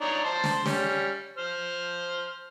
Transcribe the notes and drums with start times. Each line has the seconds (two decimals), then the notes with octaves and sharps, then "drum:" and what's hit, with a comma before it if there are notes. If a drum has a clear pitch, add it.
0.01 D4 D#4 C#5
0.24 C5 A5 C6
0.44 drum: snare
0.66 G3 C#4, drum: snare
1.37 C5 F6